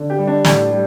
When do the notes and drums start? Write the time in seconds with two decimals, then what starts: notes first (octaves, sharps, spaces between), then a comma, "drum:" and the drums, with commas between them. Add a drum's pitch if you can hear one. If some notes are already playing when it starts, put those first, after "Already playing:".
Already playing: D3
0.10 G4
0.19 G3
0.27 D4
0.45 A2 D4, drum: snare
0.71 G3